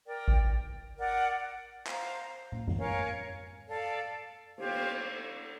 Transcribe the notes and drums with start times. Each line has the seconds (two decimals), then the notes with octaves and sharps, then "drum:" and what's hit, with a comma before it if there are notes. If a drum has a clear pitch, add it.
0.06 A#4 D5 G5
0.28 drum: kick A1
0.96 A#4 D5 F#5
1.87 C5 F5 A#5, drum: clap
2.52 drum: tom
2.68 drum: tom F#2
2.77 A#4 C#5 F5 G#5
3.67 A4 D5 F5 A5
4.58 G4 C5 F5, drum: cymbal